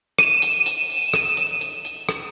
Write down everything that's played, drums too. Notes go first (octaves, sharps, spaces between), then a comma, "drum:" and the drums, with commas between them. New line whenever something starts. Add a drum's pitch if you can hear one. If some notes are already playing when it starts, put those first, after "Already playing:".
D#7 E7, drum: rim click
drum: hi-hat
drum: hi-hat
drum: open hi-hat
drum: rim click
drum: hi-hat
drum: hi-hat
drum: hi-hat
drum: rim click